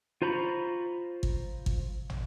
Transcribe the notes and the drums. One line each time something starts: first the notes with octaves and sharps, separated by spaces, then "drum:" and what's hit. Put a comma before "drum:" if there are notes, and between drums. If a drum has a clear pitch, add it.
F4 C5 A#5 B5 C#6
drum: kick
drum: kick
drum: tom